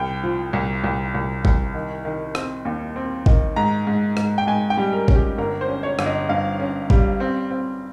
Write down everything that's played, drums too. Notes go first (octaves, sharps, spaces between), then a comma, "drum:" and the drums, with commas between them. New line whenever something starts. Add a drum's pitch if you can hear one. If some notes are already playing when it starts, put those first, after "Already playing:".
Already playing: C2 G5
F3
C2
C2
C2
C2, drum: kick G#1
D#3
D#3
C4, drum: rim click
D#2
C4
D#3, drum: kick G#1
G#2 A#5
G#2
G#2, drum: rim click
G5
G#2 G#5
G5
G3
A#4
C#4, drum: kick G#1
G4
G1 A#4
C5
C#4
C#5
G1, drum: rim click
D#5
G2 F5
C#4
G3, drum: kick G#1
C4
C4